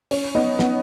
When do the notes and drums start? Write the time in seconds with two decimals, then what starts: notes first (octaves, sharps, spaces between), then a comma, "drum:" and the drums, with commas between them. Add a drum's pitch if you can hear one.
0.11 C#4, drum: open hi-hat
0.35 B3 D#4
0.59 B3, drum: snare